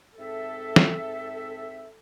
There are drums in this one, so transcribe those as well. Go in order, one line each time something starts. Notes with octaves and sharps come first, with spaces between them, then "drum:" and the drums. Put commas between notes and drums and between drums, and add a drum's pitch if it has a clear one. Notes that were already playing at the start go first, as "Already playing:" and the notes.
G#2 C4 A4 E5
drum: snare